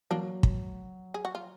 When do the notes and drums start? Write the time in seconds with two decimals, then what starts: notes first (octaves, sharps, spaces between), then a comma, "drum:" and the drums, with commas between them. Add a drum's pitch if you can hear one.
0.11 F#3 A#3 D4
0.43 drum: kick
1.14 G#4
1.25 F#4
1.35 F4